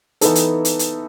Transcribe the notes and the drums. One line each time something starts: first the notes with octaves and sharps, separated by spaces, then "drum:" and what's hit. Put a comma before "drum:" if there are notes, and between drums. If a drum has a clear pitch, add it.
E3 B3 D#4 A4, drum: hi-hat
drum: hi-hat
drum: hi-hat
drum: hi-hat